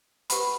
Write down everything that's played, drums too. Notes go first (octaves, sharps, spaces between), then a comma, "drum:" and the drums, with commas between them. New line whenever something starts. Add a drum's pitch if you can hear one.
G4 B4 F#5 B5, drum: hi-hat